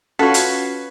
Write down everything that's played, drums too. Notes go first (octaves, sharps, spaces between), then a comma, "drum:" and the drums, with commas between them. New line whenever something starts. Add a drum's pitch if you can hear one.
C#4 F4 F#4 A4 B4 C#5
drum: hi-hat